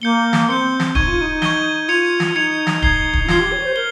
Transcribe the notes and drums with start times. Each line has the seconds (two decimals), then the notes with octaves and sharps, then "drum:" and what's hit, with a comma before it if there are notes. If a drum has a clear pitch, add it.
0.02 A#3 G6 C#7 G7
0.33 drum: snare
0.49 C4 G6 C#7 G7
0.80 drum: snare
0.95 D#4 C#6 G#6 D#7 G7, drum: kick
1.07 F4
1.21 D#4
1.42 C#6 G#6 D#7 G7, drum: snare
1.88 F4 G#6 C#7 F7
2.20 drum: snare
2.35 D#4 G#6 C#7 F7
2.67 drum: snare
2.82 G#6 C7 G7, drum: kick
3.13 drum: kick
3.24 D#4
3.28 F4 G#6 C7 G7, drum: snare
3.40 G4
3.52 C#5
3.64 C5
3.75 A#4 G7